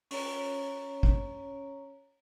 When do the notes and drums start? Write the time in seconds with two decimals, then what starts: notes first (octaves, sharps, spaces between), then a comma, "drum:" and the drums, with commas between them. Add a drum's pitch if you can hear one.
0.11 C#4 C#5 A#5, drum: open hi-hat
1.03 drum: kick